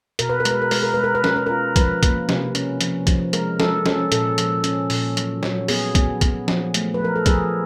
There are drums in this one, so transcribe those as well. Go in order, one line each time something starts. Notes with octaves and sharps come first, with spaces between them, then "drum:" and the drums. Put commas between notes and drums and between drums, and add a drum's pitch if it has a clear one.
B2 A#4, drum: hi-hat
B4
A#4
G#3, drum: hi-hat
B4
A#4
G#3 B4, drum: open hi-hat
A#4
G#3 B4
A#4
B4
C#4 A#4, drum: snare
B4
F4 A#4
F3 B4, drum: kick, hi-hat
A#3, drum: kick, hi-hat
C3, drum: snare
C#4, drum: hi-hat
F3, drum: hi-hat
F3, drum: kick, hi-hat
G#3 A#4, drum: hi-hat
G#3 A4, drum: snare
C#4 A4, drum: snare
A#2 A4, drum: hi-hat
F3, drum: hi-hat
C#4, drum: hi-hat
A#2, drum: open hi-hat
F#3, drum: hi-hat
F#3, drum: snare
B3 G#4, drum: open hi-hat
B3, drum: kick, hi-hat
B3, drum: kick, hi-hat
F3, drum: snare
A3, drum: hi-hat
B4
F3 A#4
A4
F3 G#4, drum: kick, hi-hat